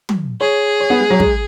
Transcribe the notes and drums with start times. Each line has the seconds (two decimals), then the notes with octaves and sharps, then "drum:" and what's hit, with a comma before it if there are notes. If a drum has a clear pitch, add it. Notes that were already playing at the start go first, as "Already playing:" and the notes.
0.09 drum: tom
0.40 G#4 C#5
0.80 C#5
0.90 B3
1.00 G#3
1.10 F#3
1.20 G#3, drum: kick